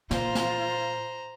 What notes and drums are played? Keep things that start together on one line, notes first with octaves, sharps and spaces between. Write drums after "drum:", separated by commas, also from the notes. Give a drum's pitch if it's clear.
A#2 F4 C5 A#5, drum: snare
drum: snare